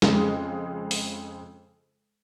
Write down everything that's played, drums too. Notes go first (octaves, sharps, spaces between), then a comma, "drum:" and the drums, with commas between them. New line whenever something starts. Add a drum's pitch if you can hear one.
F2 C#3 G#3, drum: snare
drum: open hi-hat